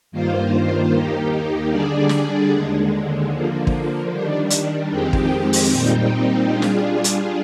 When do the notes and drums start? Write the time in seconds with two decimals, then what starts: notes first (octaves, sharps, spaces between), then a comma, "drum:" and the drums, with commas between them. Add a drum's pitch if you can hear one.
0.12 G2 D#3 A#3 F4 C5
0.91 D#2 D#3 A#3 D#4 G4
1.71 D3 G3 D4 G#4 D5
2.09 drum: snare
2.52 D#2 D3 G#3
3.31 D3 F3 A#3
3.67 drum: kick
4.10 D#3 G3 D4
4.50 drum: hi-hat
4.90 F2 D#3 G#3 C4 G4
5.13 drum: kick
5.53 drum: open hi-hat
5.71 A#2 G3 C4 D#4 G4
6.49 G3 D4 F4 G#4
6.62 drum: snare
7.04 drum: hi-hat